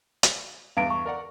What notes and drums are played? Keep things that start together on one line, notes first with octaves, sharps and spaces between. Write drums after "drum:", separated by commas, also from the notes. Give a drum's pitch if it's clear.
drum: hi-hat
E2 G2 F5 D7
C#6
A#4 D5 F#5